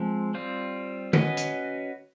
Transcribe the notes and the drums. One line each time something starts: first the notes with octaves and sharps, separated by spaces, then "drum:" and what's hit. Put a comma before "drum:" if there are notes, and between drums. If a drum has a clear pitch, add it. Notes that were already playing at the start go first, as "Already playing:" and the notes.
Already playing: F3 G#3 C4
G3 C4 F4
C#4 F#4 B4 D#5, drum: tom D3
drum: hi-hat